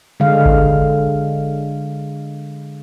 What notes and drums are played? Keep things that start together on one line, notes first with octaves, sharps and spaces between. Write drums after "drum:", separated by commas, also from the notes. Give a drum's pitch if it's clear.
D3 G#3 F5
drum: kick G#1